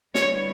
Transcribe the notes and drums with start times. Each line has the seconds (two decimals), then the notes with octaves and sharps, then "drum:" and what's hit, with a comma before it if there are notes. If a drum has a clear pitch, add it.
0.15 D3 G3 B3 E4 C#5, drum: snare